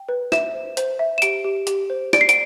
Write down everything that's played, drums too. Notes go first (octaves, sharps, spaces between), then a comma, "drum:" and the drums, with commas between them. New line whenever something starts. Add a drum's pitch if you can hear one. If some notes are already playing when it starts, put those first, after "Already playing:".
Already playing: G5
B4
E5 E7, drum: snare
C5
C5, drum: hi-hat
E5
E7
G4 D7, drum: hi-hat
G4
G4, drum: hi-hat
C5
D5 D7, drum: snare
C7
D7, drum: hi-hat